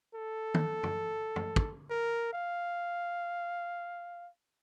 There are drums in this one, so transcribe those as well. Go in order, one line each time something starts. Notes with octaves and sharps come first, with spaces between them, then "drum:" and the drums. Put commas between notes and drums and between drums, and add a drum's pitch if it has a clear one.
A4
drum: tom D#3
drum: tom
drum: tom
drum: kick
A#4
F5